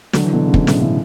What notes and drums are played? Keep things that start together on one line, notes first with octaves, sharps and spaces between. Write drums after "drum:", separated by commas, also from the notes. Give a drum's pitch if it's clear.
D3 F#3, drum: snare
E3
B2 D3
C#3
B2, drum: kick
A2 C#3, drum: snare
A2 C#3